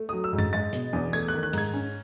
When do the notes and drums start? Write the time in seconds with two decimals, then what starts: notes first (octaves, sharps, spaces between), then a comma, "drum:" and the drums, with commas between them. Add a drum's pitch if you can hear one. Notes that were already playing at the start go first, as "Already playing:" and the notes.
Already playing: A3
0.09 F#3 D#6
0.24 E6
0.33 G#2
0.38 A6, drum: tom F#2
0.53 G#3 A6
0.73 B2, drum: hi-hat
0.93 E2
1.13 A3 G#6, drum: tambourine
1.28 F#6
1.34 D#3
1.43 F#6
1.53 G#2 G#6, drum: cymbal
1.74 C#4